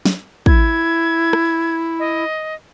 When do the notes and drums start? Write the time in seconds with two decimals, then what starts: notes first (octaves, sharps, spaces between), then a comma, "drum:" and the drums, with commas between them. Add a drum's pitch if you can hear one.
0.05 drum: snare
0.46 E4 G#6, drum: kick
1.33 drum: rim click
1.99 D#5